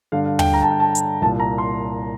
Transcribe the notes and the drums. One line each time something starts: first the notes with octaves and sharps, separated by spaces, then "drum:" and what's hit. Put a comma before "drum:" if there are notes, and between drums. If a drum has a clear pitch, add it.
G2 D3 F5
F5
G5, drum: tom
A#5
A5
G5
A5
drum: hi-hat
C2 A#2 A5
A#5
C6